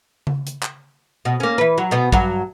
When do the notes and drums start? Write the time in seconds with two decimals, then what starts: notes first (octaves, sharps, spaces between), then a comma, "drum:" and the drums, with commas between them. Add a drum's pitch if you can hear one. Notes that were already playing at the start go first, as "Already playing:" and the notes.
0.27 drum: tom C#3
0.47 drum: hi-hat
0.63 drum: clap
1.25 B2
1.40 A#3 C#4
1.58 E3 B4
1.78 F#3
1.91 B2 B3
2.12 G2 F#3, drum: kick